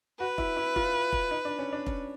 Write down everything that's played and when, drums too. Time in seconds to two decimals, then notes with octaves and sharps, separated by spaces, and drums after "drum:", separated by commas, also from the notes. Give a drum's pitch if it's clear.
0.20 F#4 B4
0.38 E4, drum: kick
0.57 E4
0.76 F4, drum: kick
1.12 drum: kick
1.31 D#4
1.45 D4
1.59 C#4
1.73 D4
1.86 C#4, drum: kick